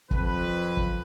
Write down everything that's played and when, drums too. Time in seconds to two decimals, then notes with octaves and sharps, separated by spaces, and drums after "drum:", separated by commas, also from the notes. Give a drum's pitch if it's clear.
0.11 F2 B4, drum: kick
0.77 drum: kick